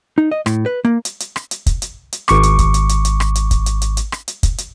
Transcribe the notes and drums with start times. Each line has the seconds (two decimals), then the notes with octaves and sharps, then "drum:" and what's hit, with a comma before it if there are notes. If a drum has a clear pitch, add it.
0.18 D#4
0.31 D#5
0.46 A2, drum: rim click
0.66 B4
0.85 A#3
1.05 drum: hi-hat
1.20 drum: hi-hat
1.36 drum: rim click
1.51 drum: hi-hat
1.66 drum: kick, hi-hat
1.82 drum: hi-hat
2.13 drum: hi-hat
2.28 G#1 C#6 D6, drum: rim click
2.43 drum: hi-hat
2.59 drum: kick, hi-hat
2.74 drum: hi-hat
2.89 drum: hi-hat
3.05 drum: hi-hat
3.20 drum: rim click
3.35 drum: hi-hat
3.51 drum: kick, hi-hat
3.66 drum: hi-hat
3.82 drum: hi-hat
3.97 drum: hi-hat
4.12 drum: rim click
4.28 drum: hi-hat
4.43 drum: kick, hi-hat
4.58 drum: hi-hat